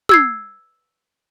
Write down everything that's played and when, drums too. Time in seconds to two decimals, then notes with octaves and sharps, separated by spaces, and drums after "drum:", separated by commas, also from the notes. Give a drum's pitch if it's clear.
0.09 E6 G#6 C7, drum: tom